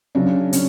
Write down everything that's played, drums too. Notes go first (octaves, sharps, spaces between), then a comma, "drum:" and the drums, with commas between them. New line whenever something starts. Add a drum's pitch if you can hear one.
C#3 F#3 D4
C#4, drum: hi-hat